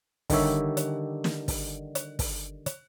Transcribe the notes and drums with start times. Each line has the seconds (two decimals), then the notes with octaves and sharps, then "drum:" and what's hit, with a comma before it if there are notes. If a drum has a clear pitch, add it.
0.30 D3 D#3 G3 G4 C#5 E5, drum: kick, open hi-hat
0.77 drum: hi-hat
1.24 drum: snare
1.48 drum: kick, open hi-hat
1.95 drum: hi-hat
2.19 drum: kick, open hi-hat
2.66 drum: hi-hat